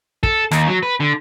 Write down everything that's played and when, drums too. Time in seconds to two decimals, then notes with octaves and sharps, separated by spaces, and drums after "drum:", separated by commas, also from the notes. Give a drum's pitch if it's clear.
0.23 A4, drum: kick
0.51 D#2, drum: rim click
0.68 F#3
0.83 B4
1.00 D3